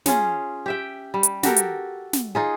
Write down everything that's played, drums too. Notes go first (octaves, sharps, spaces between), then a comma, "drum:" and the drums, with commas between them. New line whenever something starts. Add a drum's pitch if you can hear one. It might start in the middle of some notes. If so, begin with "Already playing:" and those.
C#4 F4 G#4 C#5, drum: snare
G4 E5 G5
G3
drum: hi-hat
F#4 G4 A4 A#4, drum: snare
drum: hi-hat
drum: snare
D#4 F4 G#4